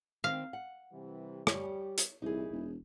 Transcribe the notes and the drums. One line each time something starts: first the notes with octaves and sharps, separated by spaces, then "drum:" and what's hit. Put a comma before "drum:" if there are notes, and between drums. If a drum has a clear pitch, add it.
D#3 C4 F5
F#5
C3 E3 G3
G3 C#5, drum: rim click
drum: hi-hat
C2 A#2 E3 D#4 E4 G#4
E1